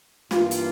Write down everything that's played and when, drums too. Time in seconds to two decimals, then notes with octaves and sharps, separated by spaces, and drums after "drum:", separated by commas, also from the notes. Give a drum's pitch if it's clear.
0.31 G2 E3 A#3 F4, drum: snare
0.51 drum: hi-hat